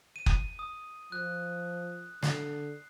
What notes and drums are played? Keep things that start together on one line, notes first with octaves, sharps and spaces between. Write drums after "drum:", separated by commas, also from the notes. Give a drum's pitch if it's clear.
D#7
drum: kick F#1
D#6
F3 F#6
D3 C7, drum: snare